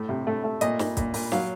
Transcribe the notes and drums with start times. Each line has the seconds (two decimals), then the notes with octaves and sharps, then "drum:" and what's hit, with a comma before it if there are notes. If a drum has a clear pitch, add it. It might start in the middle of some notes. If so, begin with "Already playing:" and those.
Already playing: A2 A3
0.09 C3
0.27 A3
0.44 A3
0.61 A#2 D#5, drum: hi-hat
0.79 A#2, drum: snare
0.97 A#2, drum: kick, hi-hat
1.14 A#2, drum: open hi-hat
1.32 F#3 F5, drum: snare